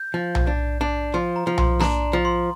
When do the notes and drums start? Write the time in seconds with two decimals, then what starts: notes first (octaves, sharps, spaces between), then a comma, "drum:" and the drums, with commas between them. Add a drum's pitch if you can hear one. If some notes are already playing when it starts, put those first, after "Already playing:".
Already playing: G6
0.14 F3
0.35 drum: tom B1
0.47 D4
0.81 D4
1.14 F3 C6
1.36 A#5
1.47 F3
1.58 C6, drum: tom B1
1.80 D4 A#5, drum: snare
2.13 F3
2.25 C6